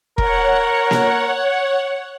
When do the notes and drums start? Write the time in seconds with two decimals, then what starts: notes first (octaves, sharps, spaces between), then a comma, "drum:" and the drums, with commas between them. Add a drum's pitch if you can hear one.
0.18 A#4 C#5 F#5, drum: kick E1
0.91 drum: snare A#3